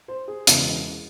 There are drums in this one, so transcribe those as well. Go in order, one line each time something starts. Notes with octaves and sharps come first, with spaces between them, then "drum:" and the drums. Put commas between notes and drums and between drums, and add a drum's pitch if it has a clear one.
C5
G#4
E1 E2 C#3, drum: hi-hat